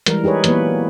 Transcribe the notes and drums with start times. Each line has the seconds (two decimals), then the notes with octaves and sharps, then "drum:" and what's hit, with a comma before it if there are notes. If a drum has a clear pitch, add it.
0.06 E3 G3 G#3 A#4, drum: hi-hat
0.24 D#4 G4 G#4 B4 C#5
0.44 E3 F#3 A#3 B3 B4, drum: hi-hat